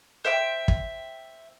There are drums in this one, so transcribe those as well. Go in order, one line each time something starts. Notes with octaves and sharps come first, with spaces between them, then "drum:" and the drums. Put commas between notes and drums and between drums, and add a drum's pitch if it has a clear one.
C5 E5 G5 E6
drum: kick